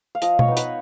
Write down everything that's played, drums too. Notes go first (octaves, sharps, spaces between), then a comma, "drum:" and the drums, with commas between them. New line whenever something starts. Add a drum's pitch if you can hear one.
F5
F3 D#5, drum: hi-hat
C#5, drum: tom B2
B3 D#4
B4, drum: hi-hat